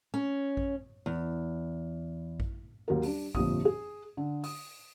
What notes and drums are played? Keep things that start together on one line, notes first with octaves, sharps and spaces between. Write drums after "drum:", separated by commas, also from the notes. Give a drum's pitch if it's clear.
C#4
drum: kick A1
E2
drum: kick A1
D#2 F#3 A#4
G3 D4, drum: open hi-hat
G1 F2 A#2 G3 D#6, drum: kick A1
G#4
D3
D#6, drum: open hi-hat